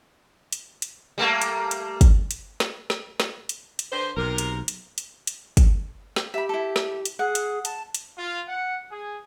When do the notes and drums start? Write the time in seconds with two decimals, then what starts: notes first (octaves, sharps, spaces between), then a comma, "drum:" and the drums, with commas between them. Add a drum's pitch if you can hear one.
0.52 drum: hi-hat
0.82 drum: hi-hat
1.18 G3 A3 A#3
1.42 drum: hi-hat
1.71 drum: hi-hat
2.01 drum: kick, hi-hat
2.31 drum: hi-hat
2.60 drum: snare
2.90 drum: snare
3.20 drum: snare
3.49 drum: hi-hat
3.79 drum: hi-hat
3.91 D3 B4 C5
4.17 B1 C3 A#4
4.38 drum: hi-hat
4.68 drum: hi-hat
4.98 drum: hi-hat
5.27 drum: hi-hat
5.57 drum: kick, hi-hat
6.16 drum: snare
6.34 G4 E5 B5
6.49 E4 A4
6.76 drum: snare
7.05 drum: hi-hat
7.19 G#4 F#5
7.35 drum: hi-hat
7.65 A5, drum: hi-hat
7.94 drum: hi-hat
8.18 F4
8.49 F#5
8.92 G#4